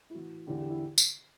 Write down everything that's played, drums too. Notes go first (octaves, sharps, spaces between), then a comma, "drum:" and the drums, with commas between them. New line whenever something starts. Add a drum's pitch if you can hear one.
E4
A2 E3 F#4
E2 D3 G4
G4
E4
drum: tambourine